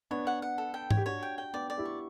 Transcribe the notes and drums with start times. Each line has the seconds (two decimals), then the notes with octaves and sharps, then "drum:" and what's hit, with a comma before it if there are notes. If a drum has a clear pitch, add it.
0.11 B3 D4 C#5
0.27 F#5
0.42 F#5
0.58 A4
0.74 G5
0.91 C#5, drum: tom G#2
0.97 G4
1.05 D4 F#4 C#5
1.23 G5
1.38 G5
1.53 B3 D4 D5
1.70 D5
1.78 E4 G4
1.85 C#6